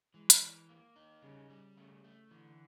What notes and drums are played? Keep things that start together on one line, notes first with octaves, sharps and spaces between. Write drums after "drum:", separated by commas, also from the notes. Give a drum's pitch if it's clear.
E3 G#3
drum: hi-hat
E3
A#3
D#4
C#3 G3
G3
C#3 A3
A3
D3 E3